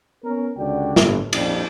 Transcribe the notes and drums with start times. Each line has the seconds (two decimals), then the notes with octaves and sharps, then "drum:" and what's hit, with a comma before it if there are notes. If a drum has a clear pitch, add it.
0.24 B3 C#4 A#4
0.57 C#2 D3 F#4 D5 G5
0.96 G1, drum: snare
1.33 A#1 F2 G3, drum: cymbal